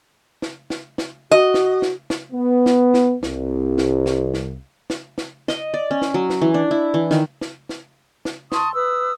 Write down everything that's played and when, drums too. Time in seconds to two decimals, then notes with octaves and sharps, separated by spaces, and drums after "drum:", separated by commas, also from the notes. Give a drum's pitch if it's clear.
0.42 drum: snare
0.70 drum: snare
0.98 drum: snare
1.31 F#4 D#5
1.54 drum: snare
1.82 drum: snare
2.10 drum: snare
2.33 B3
2.66 drum: snare
2.94 drum: snare
3.23 C2, drum: snare
3.78 drum: snare
4.06 drum: snare
4.34 drum: snare
4.90 drum: snare
5.18 drum: snare
5.48 D#5, drum: snare
5.74 D5
5.91 C#4
6.02 drum: snare
6.14 F#3
6.30 drum: snare
6.41 E3
6.54 D4
6.71 E4
6.94 E3
7.11 D#3, drum: snare
7.41 drum: snare
7.69 drum: snare
8.25 drum: snare
8.52 A5 C6 C#6 D#6, drum: snare
8.74 B4 D#6 E6